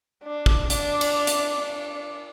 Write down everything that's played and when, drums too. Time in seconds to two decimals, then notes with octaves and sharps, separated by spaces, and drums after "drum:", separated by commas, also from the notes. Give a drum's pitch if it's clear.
0.24 D4
0.46 drum: kick
0.70 D4, drum: hi-hat
1.01 drum: cymbal
1.27 drum: hi-hat
1.62 D4